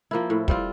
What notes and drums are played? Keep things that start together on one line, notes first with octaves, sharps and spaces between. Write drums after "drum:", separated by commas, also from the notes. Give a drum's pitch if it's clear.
F3 A#3 E4
A2
G3 C4 F4, drum: kick